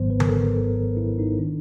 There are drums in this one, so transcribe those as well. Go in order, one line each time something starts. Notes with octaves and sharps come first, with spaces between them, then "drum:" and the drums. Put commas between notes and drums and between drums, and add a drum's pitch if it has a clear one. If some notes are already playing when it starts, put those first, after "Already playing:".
Already playing: G#1 G#2 D#3 F#3 B3 C5
B4
A#4, drum: tom D3
A4
A#4
E4
D#4
D#3 D4